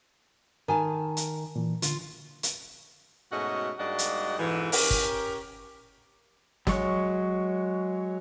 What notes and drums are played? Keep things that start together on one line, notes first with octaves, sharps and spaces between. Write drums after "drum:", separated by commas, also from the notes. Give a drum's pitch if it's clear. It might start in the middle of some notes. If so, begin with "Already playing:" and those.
D#3 A#4 G#5 A5
drum: hi-hat
A#2 E3
D3 F4, drum: hi-hat
drum: hi-hat
G#2 B2 A3 C#4 F#4 D#5
G#2 G3 A#3 D4 F#4 D#5
drum: hi-hat
F2 G#2 B2 E3
C#4 G4 A#4, drum: open hi-hat
drum: kick
F#3 G#3 C#5, drum: snare